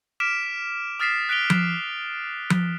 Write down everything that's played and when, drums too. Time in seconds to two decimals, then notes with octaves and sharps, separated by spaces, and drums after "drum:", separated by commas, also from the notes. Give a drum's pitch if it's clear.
0.20 D6 F6 B6 D7 E7
1.00 D#6 F6 A6 B6 C7 E7
1.29 F#6 B6 D7 F7 G7
1.50 drum: tom F3
2.50 drum: tom F3